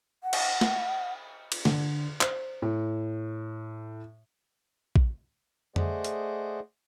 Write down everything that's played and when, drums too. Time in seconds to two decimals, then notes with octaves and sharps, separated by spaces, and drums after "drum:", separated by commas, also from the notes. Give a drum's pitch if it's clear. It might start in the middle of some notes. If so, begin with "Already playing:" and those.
0.23 F#5
0.33 drum: cymbal
0.61 drum: snare
1.52 drum: cymbal
1.65 D3, drum: snare
2.21 C5, drum: clap
2.62 A2
4.96 drum: kick A#1
5.76 A3 G#4 C5 D5 D#5 F#5, drum: tom F2
6.04 drum: hi-hat